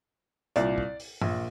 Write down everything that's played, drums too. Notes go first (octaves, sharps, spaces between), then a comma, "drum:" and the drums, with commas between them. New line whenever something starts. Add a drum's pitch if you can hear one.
C2 A#2 D5, drum: hi-hat
drum: kick
drum: open hi-hat
A#1 A#2, drum: tom G2